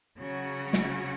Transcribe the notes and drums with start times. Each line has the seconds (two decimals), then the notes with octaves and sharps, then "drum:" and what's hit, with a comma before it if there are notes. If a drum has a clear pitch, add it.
0.18 C#3 F#3 C#4 F#4
0.73 drum: snare